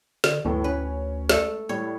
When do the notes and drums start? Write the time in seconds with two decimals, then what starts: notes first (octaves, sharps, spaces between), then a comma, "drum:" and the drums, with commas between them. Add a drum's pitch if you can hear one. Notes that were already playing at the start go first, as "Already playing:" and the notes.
0.24 D3, drum: snare
0.45 G1 D2 A2 A3
0.64 C#4 B4
1.29 A3 A4, drum: snare
1.69 A2 G3 C#5